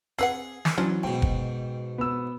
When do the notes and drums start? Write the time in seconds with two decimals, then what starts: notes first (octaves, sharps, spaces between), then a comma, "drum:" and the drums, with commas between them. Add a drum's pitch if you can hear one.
0.19 C4 G#4 B4 F#5 C7
0.65 drum: snare
0.78 E3 F#3 C#4 D4 C5
1.03 G#2 B2 G5
1.22 drum: kick
1.98 B3 E6